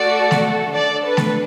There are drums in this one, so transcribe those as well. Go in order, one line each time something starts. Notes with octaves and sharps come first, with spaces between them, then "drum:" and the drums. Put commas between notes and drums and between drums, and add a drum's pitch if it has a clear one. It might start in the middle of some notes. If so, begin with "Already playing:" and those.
Already playing: A3 F#4 A4 D5
drum: snare A3
D4 A4 D5
B4
drum: snare A3